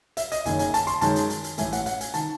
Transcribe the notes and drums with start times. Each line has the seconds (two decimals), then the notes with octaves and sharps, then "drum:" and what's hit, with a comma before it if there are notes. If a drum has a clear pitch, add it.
0.17 E5, drum: hi-hat
0.32 D#5, drum: hi-hat
0.46 F#1 F#2 D#3 G#5, drum: hi-hat
0.59 G#5, drum: hi-hat
0.74 A5, drum: hi-hat
0.87 C6, drum: hi-hat
1.01 F#2 D#3 G#3 A5, drum: hi-hat
1.16 drum: hi-hat
1.30 drum: hi-hat
1.44 drum: hi-hat
1.58 A1 A2 E3 A3 G#5, drum: hi-hat
1.72 F#5, drum: hi-hat
1.86 F#5, drum: hi-hat
2.01 G#5, drum: hi-hat
2.14 D#3 A5, drum: hi-hat